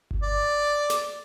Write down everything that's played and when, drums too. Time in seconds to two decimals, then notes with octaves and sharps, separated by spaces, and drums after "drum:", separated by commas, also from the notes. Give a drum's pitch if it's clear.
0.11 drum: kick G1
0.23 D5
0.90 drum: snare